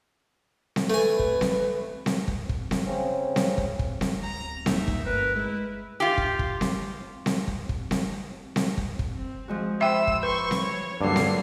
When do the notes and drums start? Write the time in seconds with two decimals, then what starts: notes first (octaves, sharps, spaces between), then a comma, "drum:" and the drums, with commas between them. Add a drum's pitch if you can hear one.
0.76 drum: snare C4
0.90 A3 B4 G#5
1.19 drum: kick
1.41 drum: snare C4
2.06 drum: snare C4
2.28 drum: kick
2.49 drum: kick
2.71 drum: snare C4
2.86 C#3 C4 C#4
3.36 drum: snare C4
3.58 drum: kick
3.79 drum: kick
4.01 drum: snare C4
4.23 D1 B3 A#5
4.66 A#2 D#4 E5, drum: snare C4
4.88 drum: kick
5.05 G1 A3 C4 A#4 B4
5.35 G#3 E4 B4
6.00 F4 G4
6.18 drum: kick
6.39 drum: kick
6.61 drum: snare C4
7.26 drum: snare C4
7.47 drum: kick
7.69 drum: kick
7.91 drum: snare C4
8.56 drum: snare C4
8.77 drum: kick
8.99 drum: kick
9.15 C4
9.48 F3 G#3 F#4
9.81 C5 E5 G5 B5 E6
10.07 drum: kick
10.23 B4 C6 C#6
10.51 drum: snare C4
10.62 C#5
11.01 G2 D3 F#3 A#3 D4 C7
11.16 drum: snare C4